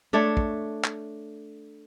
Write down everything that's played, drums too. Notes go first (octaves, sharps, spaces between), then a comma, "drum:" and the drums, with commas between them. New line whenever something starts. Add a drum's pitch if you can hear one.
A3 D4 C#5
drum: kick
drum: clap